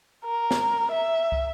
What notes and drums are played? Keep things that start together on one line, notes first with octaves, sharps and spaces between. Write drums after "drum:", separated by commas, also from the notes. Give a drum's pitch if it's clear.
A#4
drum: snare
E5
drum: kick